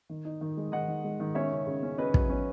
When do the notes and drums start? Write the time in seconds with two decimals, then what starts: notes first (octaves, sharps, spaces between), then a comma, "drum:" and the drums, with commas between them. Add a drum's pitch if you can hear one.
0.10 D#3
0.25 D#4
0.41 D#3
0.57 G#3
0.72 D#3 D#5 F#5
0.88 D#3
1.04 G#3
1.20 D#3
1.35 C#4 C#5 E5
1.52 C#3
1.67 C#3
1.83 C#4
1.98 C#4 B4 D#5
2.14 F#3, drum: kick
2.30 C#4